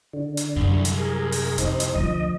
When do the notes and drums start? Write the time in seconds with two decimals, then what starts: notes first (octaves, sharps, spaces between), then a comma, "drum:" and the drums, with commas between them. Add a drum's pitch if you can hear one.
0.13 D3
0.37 drum: hi-hat
0.56 C2 F#2
0.85 drum: hi-hat
0.97 G#4 A#4
1.32 drum: open hi-hat
1.58 F2 C4 D#4, drum: hi-hat
1.80 drum: hi-hat
1.95 D2 F3 D#5